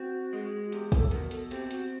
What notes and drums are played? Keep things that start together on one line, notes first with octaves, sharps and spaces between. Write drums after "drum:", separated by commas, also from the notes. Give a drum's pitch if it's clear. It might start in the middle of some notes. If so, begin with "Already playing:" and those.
Already playing: C4 F#4
G#3
F#4
E2 G4, drum: hi-hat
A4, drum: kick, hi-hat
B2 A#4, drum: hi-hat
A4, drum: hi-hat
C4 G4, drum: hi-hat
F#4, drum: hi-hat